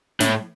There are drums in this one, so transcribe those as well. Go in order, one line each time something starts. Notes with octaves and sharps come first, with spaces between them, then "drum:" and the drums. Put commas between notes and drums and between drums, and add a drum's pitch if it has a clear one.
A2, drum: snare